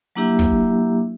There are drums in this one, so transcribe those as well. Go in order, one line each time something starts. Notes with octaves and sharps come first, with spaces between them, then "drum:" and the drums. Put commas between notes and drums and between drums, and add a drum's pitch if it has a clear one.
F#3 A#3 D4 E4 G4 E5
drum: kick